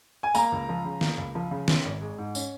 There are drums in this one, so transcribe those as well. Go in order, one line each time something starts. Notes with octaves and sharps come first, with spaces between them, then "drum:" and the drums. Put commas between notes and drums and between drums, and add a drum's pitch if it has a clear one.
G#5
A#3 A#5, drum: tambourine
C#2
F3
C#3
A#3, drum: snare
C#2
F3
C#3
C#4, drum: snare
G#1
G#3
G#2
C#4, drum: tambourine